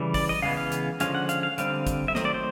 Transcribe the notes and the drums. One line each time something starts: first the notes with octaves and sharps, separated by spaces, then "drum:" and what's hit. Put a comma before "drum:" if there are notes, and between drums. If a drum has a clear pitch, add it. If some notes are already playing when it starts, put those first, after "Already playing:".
Already playing: C#3 E3 G3
D5, drum: kick, open hi-hat
D#5
C#3 E3 G#3 B3 F5
F5
drum: hi-hat
D3 F3 G#3 C#4 F5, drum: hi-hat
F#5
F5, drum: hi-hat
F5
D3 G3 C4 F5, drum: hi-hat
drum: kick, hi-hat
E5
D#3 F#3 A3 C4 D#5, drum: snare
D5
C5